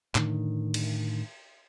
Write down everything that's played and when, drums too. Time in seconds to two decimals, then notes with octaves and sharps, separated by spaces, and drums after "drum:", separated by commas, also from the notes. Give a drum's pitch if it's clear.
0.15 A2 D3 D#3, drum: clap
0.74 drum: cymbal